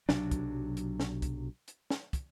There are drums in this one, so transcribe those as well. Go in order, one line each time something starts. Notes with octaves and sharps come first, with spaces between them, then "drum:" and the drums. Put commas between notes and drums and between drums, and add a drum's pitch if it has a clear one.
B1 C3 F#3 D4, drum: snare
drum: kick, hi-hat
drum: hi-hat
drum: snare
drum: kick, hi-hat
drum: hi-hat
drum: snare
drum: kick, hi-hat